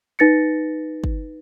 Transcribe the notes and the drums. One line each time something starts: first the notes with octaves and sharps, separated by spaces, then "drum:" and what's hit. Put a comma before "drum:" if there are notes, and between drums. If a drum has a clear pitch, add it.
D#4 B4 A6 A#6 C#7
drum: kick